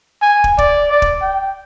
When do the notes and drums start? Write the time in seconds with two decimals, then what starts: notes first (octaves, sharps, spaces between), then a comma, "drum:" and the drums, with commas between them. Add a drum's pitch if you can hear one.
0.22 G#5
0.44 drum: kick
0.58 D5, drum: kick
0.92 D5
1.02 drum: kick
1.21 G5